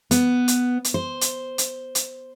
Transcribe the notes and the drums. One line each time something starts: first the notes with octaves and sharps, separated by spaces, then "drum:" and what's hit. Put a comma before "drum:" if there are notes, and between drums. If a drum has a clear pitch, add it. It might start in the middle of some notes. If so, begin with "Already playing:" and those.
B3, drum: hi-hat
drum: hi-hat
drum: hi-hat
C5
drum: hi-hat
drum: hi-hat
drum: hi-hat